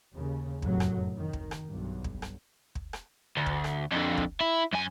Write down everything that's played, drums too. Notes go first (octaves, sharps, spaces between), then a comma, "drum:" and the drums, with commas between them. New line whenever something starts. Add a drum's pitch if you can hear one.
D#2 C#3
F1 F#2 A2 F#3, drum: kick
drum: rim click
D#3
drum: kick
drum: rim click
B1 G2
drum: kick
drum: rim click
drum: kick
drum: rim click
D2
drum: kick
drum: rim click
F2 D3
drum: kick
E4
F#2 G#5